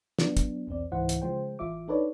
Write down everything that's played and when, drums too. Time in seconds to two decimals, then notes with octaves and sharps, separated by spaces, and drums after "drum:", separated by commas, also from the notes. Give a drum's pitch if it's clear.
0.19 F#3 B3 D4, drum: snare
0.37 drum: kick, hi-hat
0.67 B1 E2 C4 D5
0.92 C#2 G#2 E3 E4 C5 F#5
1.09 drum: hi-hat
1.22 C#3 F3 G#3 C5 G5
1.59 A1 E3 F4 E5 D6
1.88 D4 D#4 A4 B4 C#5 D5